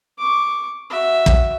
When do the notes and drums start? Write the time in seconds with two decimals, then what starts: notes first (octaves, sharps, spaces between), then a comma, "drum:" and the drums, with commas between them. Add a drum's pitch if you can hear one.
0.18 C#6 D6
0.90 F#4 E5
1.26 drum: kick